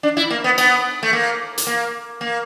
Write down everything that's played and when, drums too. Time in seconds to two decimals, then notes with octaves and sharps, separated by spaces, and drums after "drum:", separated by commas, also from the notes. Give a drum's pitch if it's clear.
0.03 D4
0.17 E4
0.30 A#3
0.44 B3
0.58 B3, drum: cymbal
1.03 A3
1.13 A#3
1.58 drum: hi-hat
1.67 A#3
2.21 A#3